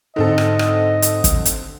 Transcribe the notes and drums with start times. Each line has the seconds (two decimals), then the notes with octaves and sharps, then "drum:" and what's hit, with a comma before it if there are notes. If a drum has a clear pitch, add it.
0.16 G#2 D3 C4 D#4 A4 D#5
0.38 drum: rim click
0.59 drum: rim click
1.02 drum: hi-hat
1.24 drum: kick, hi-hat
1.45 drum: hi-hat